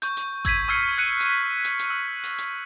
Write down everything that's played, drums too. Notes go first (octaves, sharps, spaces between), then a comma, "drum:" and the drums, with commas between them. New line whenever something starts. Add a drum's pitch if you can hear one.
C#6 G6, drum: hi-hat
drum: hi-hat
E6 G#6 B6 D#7, drum: kick G#1, hi-hat
C#6 E6 F6 G#6 C7 C#7
F#6 G#6 C#7 D#7
drum: hi-hat
B6
drum: hi-hat
drum: hi-hat
E6
drum: open hi-hat
drum: hi-hat